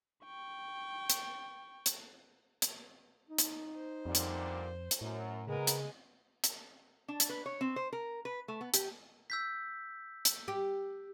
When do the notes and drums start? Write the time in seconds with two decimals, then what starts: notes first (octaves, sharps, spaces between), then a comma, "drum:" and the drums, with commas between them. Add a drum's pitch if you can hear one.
0.25 G5 C#6
1.10 drum: hi-hat
1.86 drum: hi-hat
2.62 drum: hi-hat
3.29 D#4
3.38 drum: hi-hat
3.77 C5
4.06 F2 A#2 D3 G3
4.15 drum: hi-hat
4.91 drum: hi-hat
5.01 F#2 A2
5.48 C#3 G#3 B3 A#4
5.67 drum: hi-hat
6.44 drum: hi-hat
7.08 D4
7.20 drum: hi-hat
7.30 B4
7.46 C#5
7.61 C4
7.76 C5
7.93 A#4
8.25 B4
8.48 A3
8.61 B3
8.74 G4, drum: hi-hat
9.30 E6 G6 B6
10.25 drum: hi-hat
10.48 G4